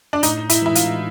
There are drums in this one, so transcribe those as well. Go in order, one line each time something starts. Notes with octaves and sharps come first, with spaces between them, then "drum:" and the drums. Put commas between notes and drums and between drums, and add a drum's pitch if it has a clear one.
D4
A2 D#4, drum: hi-hat
E4, drum: hi-hat
E3 G#3 E4
F4, drum: hi-hat